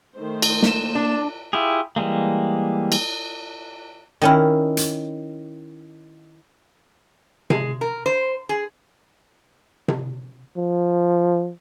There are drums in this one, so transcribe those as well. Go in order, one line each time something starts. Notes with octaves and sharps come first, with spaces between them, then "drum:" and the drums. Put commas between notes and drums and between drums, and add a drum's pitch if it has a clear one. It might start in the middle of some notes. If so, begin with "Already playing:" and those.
D#3 A3 C5
drum: cymbal
A#3 E7, drum: snare
D4
E4 F4 G4 G#4
E3 G3 G#3 A#3
drum: cymbal
D#3 C#4 E4
drum: hi-hat
G#3, drum: tom C3
A#4
C5
G#4
drum: tom C3
F3